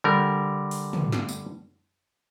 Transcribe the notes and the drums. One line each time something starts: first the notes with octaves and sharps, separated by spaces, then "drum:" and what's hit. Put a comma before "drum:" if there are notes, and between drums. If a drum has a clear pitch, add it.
D3 G3 A#4
drum: open hi-hat
drum: tom
drum: snare
drum: tambourine